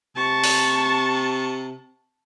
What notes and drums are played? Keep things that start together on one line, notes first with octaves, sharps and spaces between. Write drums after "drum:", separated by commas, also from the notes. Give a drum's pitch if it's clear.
C3 A5 C#6
drum: open hi-hat